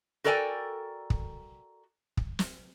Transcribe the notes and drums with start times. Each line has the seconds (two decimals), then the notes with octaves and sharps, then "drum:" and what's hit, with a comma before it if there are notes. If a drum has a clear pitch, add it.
0.24 F#4 A4 A#4 D5 G5 G#5
1.10 drum: kick
2.17 drum: kick
2.39 drum: snare